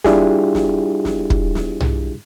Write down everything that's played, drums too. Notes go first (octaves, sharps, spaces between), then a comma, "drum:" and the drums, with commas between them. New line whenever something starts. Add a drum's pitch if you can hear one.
G3 D4 E4 F4 G4 G#4, drum: snare
drum: snare
drum: snare
drum: kick
drum: snare
drum: tom B1